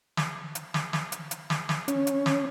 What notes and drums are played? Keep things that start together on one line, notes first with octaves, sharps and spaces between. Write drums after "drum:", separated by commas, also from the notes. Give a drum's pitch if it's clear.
drum: snare
drum: hi-hat
drum: snare
drum: snare
drum: hi-hat
drum: hi-hat
drum: snare
drum: snare
C#4, drum: hi-hat
drum: hi-hat
drum: snare